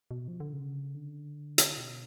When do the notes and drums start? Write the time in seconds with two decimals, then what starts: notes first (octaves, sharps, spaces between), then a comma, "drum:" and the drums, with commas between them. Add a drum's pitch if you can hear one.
0.11 B2
0.28 F3
0.40 D3
0.53 C#3
0.95 D3
1.58 drum: hi-hat
1.77 B2